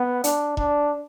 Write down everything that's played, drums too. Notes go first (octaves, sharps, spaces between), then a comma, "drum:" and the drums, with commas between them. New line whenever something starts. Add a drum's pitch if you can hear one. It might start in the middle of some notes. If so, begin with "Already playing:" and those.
Already playing: B3
D4, drum: hi-hat
D4, drum: kick E1